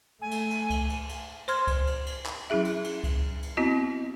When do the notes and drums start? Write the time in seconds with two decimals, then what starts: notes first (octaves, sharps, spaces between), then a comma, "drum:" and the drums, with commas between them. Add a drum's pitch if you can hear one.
0.22 A3 G#5
0.31 drum: cymbal
0.51 drum: cymbal
0.70 drum: kick C#2, cymbal
0.90 drum: cymbal
1.09 drum: cymbal
1.48 C5 C6 F6 G#6, drum: cymbal
1.67 drum: kick C#2, cymbal
1.87 drum: cymbal
2.06 drum: cymbal
2.26 drum: clap
2.50 F#3 C#4 E4 G#4 E5
2.65 drum: cymbal
2.84 drum: cymbal
3.04 drum: kick C#2, cymbal
3.43 drum: cymbal
3.57 B3 C4 E4 F#4 D#5